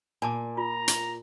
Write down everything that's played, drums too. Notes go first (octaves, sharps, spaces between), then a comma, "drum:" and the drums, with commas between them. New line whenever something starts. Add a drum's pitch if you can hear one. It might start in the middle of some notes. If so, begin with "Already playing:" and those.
A#2 G#5 A5 D6
F4 A#5
drum: hi-hat